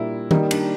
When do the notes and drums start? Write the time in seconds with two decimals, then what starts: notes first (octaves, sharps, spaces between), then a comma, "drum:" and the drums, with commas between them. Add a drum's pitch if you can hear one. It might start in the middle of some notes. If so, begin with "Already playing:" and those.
Already playing: A#2 G3 A#3 D4 E4
0.31 D#3 G3 A#3 D#4, drum: tom D#3
0.51 D4, drum: cymbal